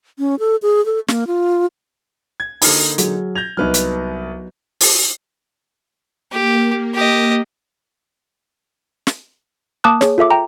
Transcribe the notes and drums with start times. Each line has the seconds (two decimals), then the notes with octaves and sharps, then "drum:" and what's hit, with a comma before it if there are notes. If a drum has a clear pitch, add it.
0.19 C#4
0.39 A4
0.62 G#4
0.86 A4
1.08 A#3, drum: snare
1.27 F4
2.40 G#6
2.62 D3 A#3 D#4 B5 F6, drum: open hi-hat
2.98 F#3 G#4, drum: hi-hat
3.35 G6 G#6 A#6 F7
3.57 C2 F#3 B3 D#4 B4 F6
3.74 drum: hi-hat
4.81 drum: open hi-hat
6.32 A#3 G4
6.94 G4 D#5
9.07 drum: snare
9.84 A#3 A5 D6 D#6 F#6
10.01 G#4 C#5, drum: snare
10.18 F4 A4 E5 D6
10.31 G5 A#5